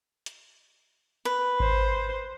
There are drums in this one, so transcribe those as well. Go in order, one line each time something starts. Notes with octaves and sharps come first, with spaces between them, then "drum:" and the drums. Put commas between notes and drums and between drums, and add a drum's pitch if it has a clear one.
drum: hi-hat
B4
C5, drum: kick G#1